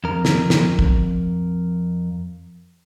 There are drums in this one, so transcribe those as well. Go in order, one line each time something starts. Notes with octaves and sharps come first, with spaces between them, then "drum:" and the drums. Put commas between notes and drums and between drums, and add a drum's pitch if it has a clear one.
F2 A#4
drum: snare
drum: snare
drum: kick